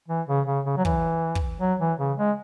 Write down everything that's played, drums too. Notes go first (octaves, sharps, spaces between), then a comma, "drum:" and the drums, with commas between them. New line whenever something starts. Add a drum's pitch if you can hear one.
E3
C#3
C#3
C#3
F#3
E3, drum: kick
drum: kick
F#3
E3
C#3
G#3